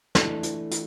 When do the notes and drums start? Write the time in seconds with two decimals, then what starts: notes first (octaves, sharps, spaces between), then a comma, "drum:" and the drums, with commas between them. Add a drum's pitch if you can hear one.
0.15 E3 A3 D4, drum: snare
0.43 drum: hi-hat
0.71 drum: hi-hat